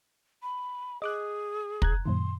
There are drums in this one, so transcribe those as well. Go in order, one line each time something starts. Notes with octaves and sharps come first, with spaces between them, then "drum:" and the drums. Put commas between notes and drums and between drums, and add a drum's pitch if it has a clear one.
B5
G#4 D#5 D6 F#6
A#5 F#6 G#6, drum: kick
F#2 A#2 D#3 C6